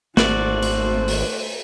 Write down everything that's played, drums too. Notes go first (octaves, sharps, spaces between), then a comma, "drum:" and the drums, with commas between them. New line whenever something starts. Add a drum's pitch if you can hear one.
G#1 A3 F#4 C5 D5, drum: snare
drum: hi-hat
drum: open hi-hat